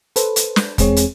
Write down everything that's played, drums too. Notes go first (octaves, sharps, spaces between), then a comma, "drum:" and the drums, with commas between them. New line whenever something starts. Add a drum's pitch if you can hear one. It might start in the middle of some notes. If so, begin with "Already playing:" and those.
A4 B4 C5, drum: hi-hat
drum: hi-hat
drum: snare
E2 G#3 C4 G#4 C#5, drum: kick, hi-hat
drum: hi-hat